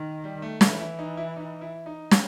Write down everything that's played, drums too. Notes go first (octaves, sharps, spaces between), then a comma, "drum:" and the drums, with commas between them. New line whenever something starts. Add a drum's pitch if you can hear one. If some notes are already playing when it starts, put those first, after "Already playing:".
Already playing: D#3
G3
A3
E3 A3, drum: snare
E4
D#4
E4
D#4
E4
D#4
C4, drum: snare